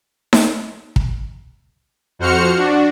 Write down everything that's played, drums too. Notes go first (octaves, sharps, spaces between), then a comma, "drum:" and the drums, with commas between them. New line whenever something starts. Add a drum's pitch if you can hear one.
drum: snare D#4
drum: kick
F2 F#4 C5 F6 C#7
D4 F#4